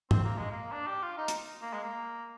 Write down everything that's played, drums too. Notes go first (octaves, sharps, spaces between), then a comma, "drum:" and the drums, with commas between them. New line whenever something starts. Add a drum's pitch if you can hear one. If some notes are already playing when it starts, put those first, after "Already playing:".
C4, drum: tom
A#3
G#3
A#3
D4
G4
F4
D#4
drum: hi-hat
A#3
G#3
A#3